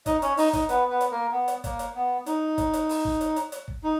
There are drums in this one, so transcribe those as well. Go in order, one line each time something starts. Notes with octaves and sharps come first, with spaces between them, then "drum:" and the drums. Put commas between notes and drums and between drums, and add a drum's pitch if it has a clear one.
D#4 D#5, drum: kick, hi-hat
C#4 C#5, drum: hi-hat
D#4 D#5, drum: open hi-hat
D#4 D#5, drum: kick, hi-hat
B3 B4, drum: hi-hat
B3 B4
drum: hi-hat
A#3 A#4
B3
drum: hi-hat
A#3, drum: kick, hi-hat
drum: hi-hat
B3
D#4, drum: hi-hat
drum: kick, hi-hat
drum: hi-hat
drum: open hi-hat
drum: kick
drum: hi-hat
drum: hi-hat
drum: hi-hat
drum: kick
D#4